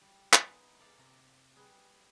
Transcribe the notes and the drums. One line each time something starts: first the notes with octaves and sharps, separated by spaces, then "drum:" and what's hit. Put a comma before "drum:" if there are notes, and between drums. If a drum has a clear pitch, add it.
G3
E3 G#3 B3 D#4 G#4, drum: clap
A4 D5 F5 G#5
C3 A#5
G3 G#4 B4 C6